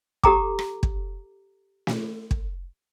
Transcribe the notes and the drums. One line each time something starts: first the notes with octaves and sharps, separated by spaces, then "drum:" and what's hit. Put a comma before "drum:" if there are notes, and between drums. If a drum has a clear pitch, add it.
G4 A4 A#5 D6, drum: kick
drum: rim click
drum: kick
drum: snare
drum: kick